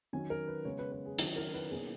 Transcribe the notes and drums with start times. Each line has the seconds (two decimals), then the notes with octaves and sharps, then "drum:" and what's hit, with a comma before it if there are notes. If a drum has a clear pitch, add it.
0.13 D#3 F#3 C#4 G#5
0.30 A#4
0.47 B4
0.65 C#3 G#3 B3 C#5
0.79 B4
0.92 B4
1.05 G#4
1.19 D#3 F#3 C#4, drum: hi-hat
1.36 A#4
1.54 B4
1.71 B2 A#3 C#4 G#4